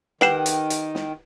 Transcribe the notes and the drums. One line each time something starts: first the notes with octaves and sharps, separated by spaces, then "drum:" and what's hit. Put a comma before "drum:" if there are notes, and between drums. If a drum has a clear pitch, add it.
D#3 G4 B4 F#5 C7 E7, drum: snare
drum: hi-hat
drum: hi-hat
drum: snare